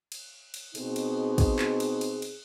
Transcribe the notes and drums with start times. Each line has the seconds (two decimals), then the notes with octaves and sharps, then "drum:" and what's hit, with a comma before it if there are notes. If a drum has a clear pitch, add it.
0.12 drum: cymbal
0.54 drum: cymbal
0.75 B2 C4 D#4 G#4, drum: cymbal
0.96 drum: cymbal
1.38 drum: kick, cymbal
1.59 drum: clap
1.80 drum: cymbal
2.01 drum: cymbal
2.22 drum: cymbal